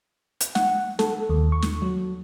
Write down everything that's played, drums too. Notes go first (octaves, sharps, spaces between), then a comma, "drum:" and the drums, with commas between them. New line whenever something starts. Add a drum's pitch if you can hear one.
drum: hi-hat
F#5, drum: snare
A4, drum: snare
D#2
C#6
drum: snare
F#3